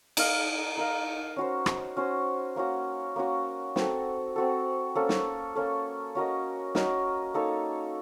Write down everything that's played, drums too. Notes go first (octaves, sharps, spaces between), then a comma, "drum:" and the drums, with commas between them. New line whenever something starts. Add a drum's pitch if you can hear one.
D#4 A#4 F5, drum: cymbal
D#4 A#4 F5
C#4 F#4 C5
drum: rim click
C#4 F#4 C5
A#3 C#4 F#4
A#3 C#4 F#4
C4 F#4 A4, drum: snare
C4 F#4 A4
A#3 C#4 A4
drum: snare
A#3 C#4 A4
C#4 F#4 A#4 D#5
C#4 F#4 A#4 D#5, drum: snare
A#3 D#4 A4 C#5